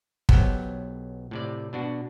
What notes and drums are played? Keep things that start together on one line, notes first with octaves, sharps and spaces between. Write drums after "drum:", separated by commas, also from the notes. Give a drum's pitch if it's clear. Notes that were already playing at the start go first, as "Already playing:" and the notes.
B1 F#3 B3 G4 C5, drum: kick
A2 C3 D5
B2 D4 F#4